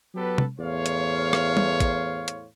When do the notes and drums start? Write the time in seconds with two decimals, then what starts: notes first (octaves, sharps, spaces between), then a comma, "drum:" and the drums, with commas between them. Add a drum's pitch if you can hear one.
0.15 F#3 B3 G4 A4 B4
0.38 drum: tom C3
0.58 E2 A2 C5 C#5 F5
0.86 drum: hi-hat
1.33 drum: rim click
1.57 drum: tom
1.80 drum: kick, hi-hat
2.28 drum: hi-hat